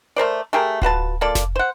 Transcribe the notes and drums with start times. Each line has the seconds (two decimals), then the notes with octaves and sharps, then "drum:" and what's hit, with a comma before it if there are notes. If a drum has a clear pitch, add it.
0.16 A3 A#4 C5 D5
0.53 A3 G4 G#4 A#4
0.82 F4 F#4 B4 A5, drum: kick D1
1.21 A#3 F4 A4 D5
1.35 drum: snare F1
1.56 C5 F#5